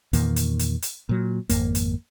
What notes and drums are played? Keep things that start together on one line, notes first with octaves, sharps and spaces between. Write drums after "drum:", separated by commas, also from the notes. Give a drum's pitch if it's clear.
E2 A#2 D#3 A#3, drum: hi-hat
drum: hi-hat
drum: hi-hat
drum: hi-hat
A#2 F#3
G#1 F2 A#3, drum: hi-hat
drum: hi-hat